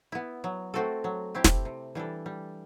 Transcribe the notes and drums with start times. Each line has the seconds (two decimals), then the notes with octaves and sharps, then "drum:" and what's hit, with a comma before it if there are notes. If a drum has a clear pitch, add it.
0.12 B3 E4
0.44 F#3
0.74 A3 C4 F#4 A4
1.04 F#3
1.35 A3 C4 E4 G4
1.44 drum: snare
1.65 C3
1.95 E3 G3 D4 A4
2.26 G3